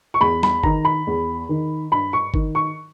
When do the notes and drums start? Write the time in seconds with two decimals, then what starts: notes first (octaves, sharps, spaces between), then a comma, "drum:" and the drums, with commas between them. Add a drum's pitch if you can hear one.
0.14 C#6
0.21 E2 B5
0.43 B5, drum: snare
0.64 D#3 A#5, drum: kick G1
0.85 B5
1.07 E2
1.49 D#3
1.91 G2 B5
2.13 C#6
2.34 D#3, drum: kick G1
2.55 C#6